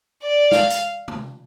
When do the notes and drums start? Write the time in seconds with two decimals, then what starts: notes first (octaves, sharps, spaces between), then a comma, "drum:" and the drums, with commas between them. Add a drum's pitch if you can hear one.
0.22 D5
0.51 F5, drum: snare
0.70 drum: hi-hat
1.08 drum: tom C3